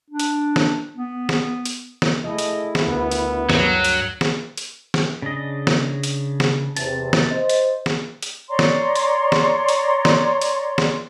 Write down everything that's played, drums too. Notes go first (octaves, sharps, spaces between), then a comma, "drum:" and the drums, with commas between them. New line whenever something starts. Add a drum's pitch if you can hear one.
D4
drum: hi-hat
drum: snare
B3
drum: snare
drum: hi-hat
drum: snare
F3 A3 E4 G#4 D#5
drum: hi-hat
drum: snare
D2 B3 A#4 F#6
drum: hi-hat
G2 F#3, drum: snare
drum: hi-hat
drum: snare
drum: hi-hat
drum: snare
C#3 D4 D#5
drum: snare
drum: hi-hat
drum: snare
E2 C3 A5, drum: hi-hat
drum: snare
C5 D#5
drum: hi-hat
drum: snare
drum: hi-hat
C#5 D5 A#5 C6
drum: snare
drum: hi-hat
drum: snare
drum: hi-hat
drum: snare
drum: hi-hat
drum: snare